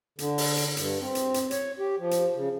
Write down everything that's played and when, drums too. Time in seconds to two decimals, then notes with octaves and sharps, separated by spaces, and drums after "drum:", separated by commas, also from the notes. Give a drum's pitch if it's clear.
0.19 D3, drum: hi-hat
0.38 drum: open hi-hat
0.57 drum: hi-hat
0.77 G2, drum: hi-hat
1.01 C4
1.15 drum: hi-hat
1.34 drum: hi-hat
1.51 C#5, drum: hi-hat
1.79 G4
1.99 F3
2.11 drum: hi-hat
2.35 C#3